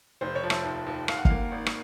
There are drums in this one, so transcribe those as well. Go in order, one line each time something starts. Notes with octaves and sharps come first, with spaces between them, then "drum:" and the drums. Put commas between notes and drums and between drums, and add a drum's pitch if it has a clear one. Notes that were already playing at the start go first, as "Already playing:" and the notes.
F1 C5
C#5
F3
E5, drum: rim click
D#2
D#2
D#2 F5, drum: rim click
F#5
F5, drum: kick
A#3
G#1
drum: rim click